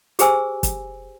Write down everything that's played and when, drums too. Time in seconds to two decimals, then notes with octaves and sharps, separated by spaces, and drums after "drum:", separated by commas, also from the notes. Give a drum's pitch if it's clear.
0.19 G4 G#4 C5 G#5 E6, drum: hi-hat
0.63 drum: kick, hi-hat